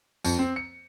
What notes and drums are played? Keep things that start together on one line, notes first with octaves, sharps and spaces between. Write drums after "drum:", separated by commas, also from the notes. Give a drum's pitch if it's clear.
F2, drum: tambourine
C4
C#7